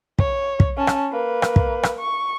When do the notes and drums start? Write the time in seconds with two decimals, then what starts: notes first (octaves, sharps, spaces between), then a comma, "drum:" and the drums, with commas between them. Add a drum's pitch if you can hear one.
0.19 C#5, drum: kick
0.60 drum: kick
0.77 C#4 A5
0.87 drum: rim click
1.12 A#3 B4
1.42 drum: rim click
1.56 drum: kick
1.83 drum: rim click
1.99 C#6